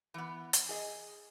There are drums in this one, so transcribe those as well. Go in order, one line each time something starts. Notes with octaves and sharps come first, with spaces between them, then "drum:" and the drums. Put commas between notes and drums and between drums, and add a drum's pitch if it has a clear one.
E3 B3
drum: hi-hat
G#4 D#5